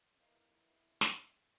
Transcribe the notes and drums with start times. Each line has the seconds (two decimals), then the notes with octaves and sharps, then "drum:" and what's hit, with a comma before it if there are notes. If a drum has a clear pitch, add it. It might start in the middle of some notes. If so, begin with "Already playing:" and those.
0.19 B3 D#4 E4 A#4 F5
1.01 drum: snare